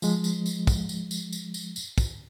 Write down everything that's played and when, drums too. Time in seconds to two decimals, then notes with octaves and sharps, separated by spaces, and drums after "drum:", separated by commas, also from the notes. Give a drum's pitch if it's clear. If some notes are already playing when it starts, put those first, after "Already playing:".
0.02 F3 G#3, drum: tambourine
0.24 drum: tambourine
0.46 drum: tambourine
0.67 drum: kick, tambourine
0.89 drum: tambourine
1.11 drum: tambourine
1.32 drum: tambourine
1.54 drum: tambourine
1.76 drum: tambourine
1.98 drum: kick, tambourine